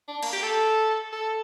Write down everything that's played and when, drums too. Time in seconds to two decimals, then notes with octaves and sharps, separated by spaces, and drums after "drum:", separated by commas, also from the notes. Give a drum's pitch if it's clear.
0.08 D4
0.23 A#3, drum: cymbal
0.33 G4
0.43 A4
1.13 A4